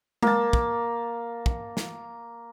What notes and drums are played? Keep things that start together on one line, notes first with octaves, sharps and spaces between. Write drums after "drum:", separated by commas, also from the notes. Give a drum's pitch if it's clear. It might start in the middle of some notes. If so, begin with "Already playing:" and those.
A#3 A5, drum: tom G#3
drum: kick
drum: kick
drum: snare